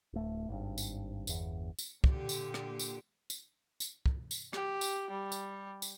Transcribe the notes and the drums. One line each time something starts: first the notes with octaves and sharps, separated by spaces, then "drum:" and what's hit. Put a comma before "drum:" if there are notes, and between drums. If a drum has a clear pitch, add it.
D1 A3
G#1 G2
drum: tambourine
G1 E2, drum: tambourine
drum: tambourine
A#2 D3 G4, drum: kick
drum: tambourine
drum: rim click
drum: tambourine
drum: tambourine
drum: tambourine
drum: kick
drum: tambourine
G4, drum: rim click
drum: tambourine
G3
drum: tambourine
drum: tambourine